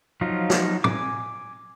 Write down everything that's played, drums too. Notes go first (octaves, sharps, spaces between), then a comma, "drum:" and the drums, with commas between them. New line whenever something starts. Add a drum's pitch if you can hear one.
F3 F#3 D#4 F4
drum: snare
G#5 D6, drum: tom